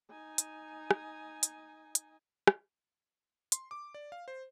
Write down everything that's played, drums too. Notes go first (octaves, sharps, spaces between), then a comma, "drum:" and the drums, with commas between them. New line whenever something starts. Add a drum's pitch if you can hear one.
D#4 G#5
drum: hi-hat
drum: rim click
drum: hi-hat
drum: hi-hat
drum: rim click
C6, drum: hi-hat
D6
D5
F5
C5